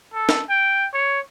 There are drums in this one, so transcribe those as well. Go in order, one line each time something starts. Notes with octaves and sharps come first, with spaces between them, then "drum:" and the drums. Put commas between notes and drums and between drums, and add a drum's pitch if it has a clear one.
A4
drum: snare
G5
C#5